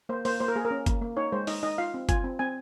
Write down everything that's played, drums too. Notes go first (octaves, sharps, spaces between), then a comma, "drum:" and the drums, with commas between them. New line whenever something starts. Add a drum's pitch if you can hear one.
A#3 C5
A#3 C5, drum: open hi-hat
A#3 C5
A#4
A#3 G#4
A#4
C#4
A#3, drum: kick, hi-hat
A#3
D#4 C#5
G#3 C5
D#4 D#5, drum: open hi-hat
D#4 D#5
F4 F5
C4
F4 G#5, drum: kick, hi-hat
C4
C4 G#5